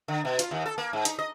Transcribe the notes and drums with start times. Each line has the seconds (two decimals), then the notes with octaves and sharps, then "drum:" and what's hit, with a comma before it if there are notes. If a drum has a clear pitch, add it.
0.08 D3
0.25 B2
0.39 F4, drum: hi-hat
0.51 D#2
0.66 A4
0.78 A#3
0.93 G#2
1.05 D#4, drum: hi-hat
1.19 D#5